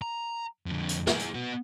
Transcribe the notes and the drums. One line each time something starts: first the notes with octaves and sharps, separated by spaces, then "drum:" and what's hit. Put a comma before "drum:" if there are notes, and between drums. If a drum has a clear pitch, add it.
A#5
F2 D3
drum: hi-hat
E4 G#4, drum: snare
drum: hi-hat
B3 F#4